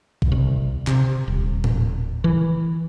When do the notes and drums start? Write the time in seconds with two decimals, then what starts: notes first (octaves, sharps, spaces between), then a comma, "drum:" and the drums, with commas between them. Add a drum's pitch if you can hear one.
0.22 drum: kick A#1
0.32 C2
0.87 C3, drum: clap
1.28 D#1
1.64 drum: tom A2
2.24 E3